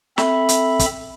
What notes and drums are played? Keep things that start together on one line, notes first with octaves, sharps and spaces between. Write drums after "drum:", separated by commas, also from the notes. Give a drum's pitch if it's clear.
C4 A4 E5 B5, drum: snare
drum: hi-hat
drum: kick, hi-hat